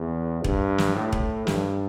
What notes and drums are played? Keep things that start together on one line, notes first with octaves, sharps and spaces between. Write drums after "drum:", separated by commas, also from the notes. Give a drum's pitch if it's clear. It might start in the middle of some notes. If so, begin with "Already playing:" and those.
Already playing: E2
G2, drum: kick E1
drum: snare
A2
drum: kick E1
G2, drum: snare